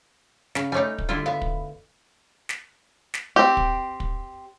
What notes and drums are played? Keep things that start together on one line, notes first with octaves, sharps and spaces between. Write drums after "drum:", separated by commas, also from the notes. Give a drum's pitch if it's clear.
C#3 C#4, drum: snare
G3 A3 D#4 C#5 G#5
drum: kick
D3 G3 E4 F4
B3 E5 F5
drum: kick
drum: snare
drum: snare
C4 G4
drum: kick
drum: kick